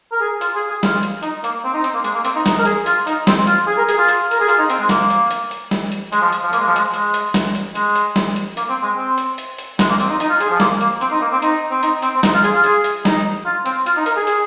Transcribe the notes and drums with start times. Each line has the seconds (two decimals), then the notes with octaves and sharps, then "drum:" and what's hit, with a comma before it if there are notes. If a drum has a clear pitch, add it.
0.12 A#4
0.21 G#4
0.41 F4, drum: hi-hat
0.56 G#4
0.69 G#4
0.83 F4, drum: snare
1.03 drum: hi-hat
1.23 D#4, drum: hi-hat
1.44 A#3, drum: hi-hat
1.64 C4
1.74 D#4
1.84 C4, drum: hi-hat
1.94 A#3
2.04 G#3, drum: hi-hat
2.15 A#3
2.25 C4, drum: hi-hat
2.36 D#4
2.46 D#4, drum: snare
2.59 A#4
2.65 G#4, drum: hi-hat
2.86 F4, drum: hi-hat
3.07 D#4, drum: hi-hat
3.27 C4, drum: snare
3.47 F4, drum: hi-hat
3.67 G#4
3.78 A#4
3.89 G#4, drum: hi-hat
3.98 F4
4.08 drum: hi-hat
4.31 A#4, drum: hi-hat
4.41 G#4
4.49 F4, drum: hi-hat
4.59 D#4
4.70 C4, drum: hi-hat
4.79 G#3
4.89 A#3, drum: snare
5.10 drum: hi-hat
5.31 drum: hi-hat
5.51 drum: hi-hat
5.71 drum: snare
5.92 drum: hi-hat
6.12 G#3, drum: hi-hat
6.22 F3
6.32 drum: hi-hat
6.43 F3
6.53 A#3, drum: hi-hat
6.60 G#3
6.68 F3
6.76 G#3, drum: hi-hat
6.94 G#3, drum: hi-hat
7.14 drum: hi-hat
7.34 drum: snare
7.55 drum: hi-hat
7.75 G#3, drum: hi-hat
7.95 drum: hi-hat
8.16 drum: snare
8.36 drum: hi-hat
8.57 A#3, drum: hi-hat
8.70 C4
8.83 G#3
8.97 C4
9.18 drum: hi-hat
9.38 drum: hi-hat
9.58 drum: hi-hat
9.79 G#3, drum: snare
9.89 A#3
10.00 C4, drum: hi-hat
10.10 D#4
10.20 D#4, drum: hi-hat
10.30 F4
10.40 G#4, drum: hi-hat
10.50 F3
10.60 A#3, drum: snare
10.81 A#3, drum: hi-hat
11.01 C4, drum: hi-hat
11.11 D#4
11.21 A#3
11.32 C4
11.42 D#4, drum: hi-hat
11.71 C4
11.83 D#4, drum: hi-hat
12.02 C4, drum: hi-hat
12.17 C4
12.23 D#4, drum: snare
12.34 F4
12.44 G#4, drum: hi-hat
12.54 F4
12.64 G#4, drum: hi-hat
12.84 drum: hi-hat
13.05 D#4, drum: snare
13.45 F4
13.66 C4, drum: hi-hat
13.86 F4, drum: hi-hat
13.97 D#4
14.06 A#4, drum: hi-hat
14.17 G#4
14.27 G#4, drum: hi-hat